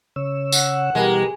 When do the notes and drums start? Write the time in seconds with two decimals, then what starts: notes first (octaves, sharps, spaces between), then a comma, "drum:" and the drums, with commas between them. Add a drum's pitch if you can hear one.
0.16 C#3 C#5 E6
0.52 F#5, drum: tambourine
0.95 B2 E3 G3 G#3 G4 A#4 B4